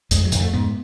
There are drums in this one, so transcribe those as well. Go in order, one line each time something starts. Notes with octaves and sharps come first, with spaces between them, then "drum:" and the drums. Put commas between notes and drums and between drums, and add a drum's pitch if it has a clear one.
F2 G#3, drum: hi-hat
F#3
F2, drum: hi-hat
A3
G#2 B3